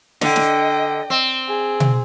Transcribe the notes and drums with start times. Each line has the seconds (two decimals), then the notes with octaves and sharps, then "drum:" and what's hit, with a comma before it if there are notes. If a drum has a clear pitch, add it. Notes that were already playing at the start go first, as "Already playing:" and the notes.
0.21 D3 D#5 G5, drum: snare
0.36 drum: snare
1.10 C4
1.48 G#4
1.80 drum: tom B2